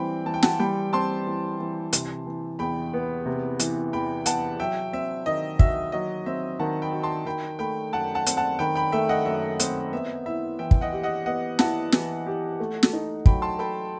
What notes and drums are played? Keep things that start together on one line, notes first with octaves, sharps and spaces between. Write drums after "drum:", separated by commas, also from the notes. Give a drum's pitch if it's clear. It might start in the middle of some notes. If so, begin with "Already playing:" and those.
Already playing: E3 G3 C4 G5 B5
E3 A5
G5
F#5 A5, drum: snare
G3 G5 B5
C4 A5 C6
E3
E3
C3, drum: hi-hat
E3
E2 G5 B5
B3
C3
E3, drum: hi-hat
E2 G5 B5
B3 F#5 A5, drum: hi-hat
F#3 E5 G5
C4 E5
D#3 D#5
F#4 E5, drum: kick
F#3 D#5
C4 E5
D#3 F#5 A5
G5 B5
F#4
A5 C6
D#3 G5 B5
A3 G5 B5
F#2 F#5 A5
F#5 A5
C4, drum: hi-hat
F#5 A5
D#3 G5 B5
G5 B5
A3 E5 G5
D#5 F#5
F#2 E5
C4, drum: hi-hat
B3 E5
E4 E5
E3 E5 G5
drum: kick
D#5 F#5
G4
D#5 F#5
B3 D#5 F#5
E4 F#5 A5, drum: snare
E3, drum: snare
G4
A3
drum: snare
D#4
F#3 G5 B5, drum: kick
A5 C6
A4 G5 B5